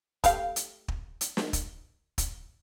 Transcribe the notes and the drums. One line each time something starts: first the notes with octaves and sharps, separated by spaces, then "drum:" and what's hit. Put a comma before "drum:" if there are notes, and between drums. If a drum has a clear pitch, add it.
A3 G4 F5, drum: kick, hi-hat
drum: hi-hat
drum: kick
drum: hi-hat
drum: snare
drum: kick, hi-hat
drum: kick, hi-hat